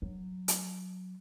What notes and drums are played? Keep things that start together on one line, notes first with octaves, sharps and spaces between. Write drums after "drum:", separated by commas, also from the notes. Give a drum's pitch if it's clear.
F#3
drum: hi-hat